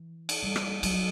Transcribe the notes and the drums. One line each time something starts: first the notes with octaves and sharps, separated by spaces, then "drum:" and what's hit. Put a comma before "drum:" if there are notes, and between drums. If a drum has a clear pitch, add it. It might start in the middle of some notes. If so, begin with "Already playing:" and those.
Already playing: E3
drum: cymbal
G3
drum: rim click
F#3, drum: cymbal